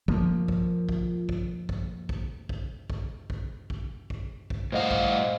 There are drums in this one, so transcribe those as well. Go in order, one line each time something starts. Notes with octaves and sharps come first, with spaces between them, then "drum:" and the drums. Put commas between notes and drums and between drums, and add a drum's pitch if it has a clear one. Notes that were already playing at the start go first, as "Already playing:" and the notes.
F3 A#3, drum: kick A#1
drum: kick A#1
drum: kick A#1
drum: kick A#1
drum: kick A#1
drum: kick A#1
drum: kick A#1
drum: kick A#1
drum: kick A#1
drum: kick A#1
drum: kick A#1
drum: kick A#1
A2 G3 C5 D#5 F5 F#5
drum: kick A#1